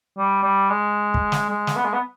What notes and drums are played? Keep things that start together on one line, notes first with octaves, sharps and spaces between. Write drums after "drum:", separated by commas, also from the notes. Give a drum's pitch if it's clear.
G3
G3
G#3
drum: kick
drum: snare
G#3
drum: snare
B3
G#3
B3